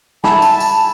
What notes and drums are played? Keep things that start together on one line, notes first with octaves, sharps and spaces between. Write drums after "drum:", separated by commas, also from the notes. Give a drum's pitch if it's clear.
E5 G#5 A5 B5, drum: snare
drum: tambourine
drum: tambourine